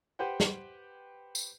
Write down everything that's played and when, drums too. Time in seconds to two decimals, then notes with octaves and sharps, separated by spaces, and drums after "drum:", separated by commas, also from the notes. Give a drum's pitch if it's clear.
0.19 G4 B4 C5 F#5 G5
0.40 drum: snare
1.35 drum: tambourine